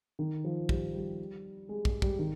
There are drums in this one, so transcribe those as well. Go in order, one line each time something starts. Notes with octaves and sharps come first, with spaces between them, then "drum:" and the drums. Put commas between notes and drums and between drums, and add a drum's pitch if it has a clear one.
D#3
F3
G3, drum: kick
G3
G#3
G#3, drum: kick
G3, drum: kick
D#3